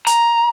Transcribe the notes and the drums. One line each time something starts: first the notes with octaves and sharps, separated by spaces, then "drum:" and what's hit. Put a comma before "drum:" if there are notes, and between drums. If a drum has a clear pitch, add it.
A#5, drum: hi-hat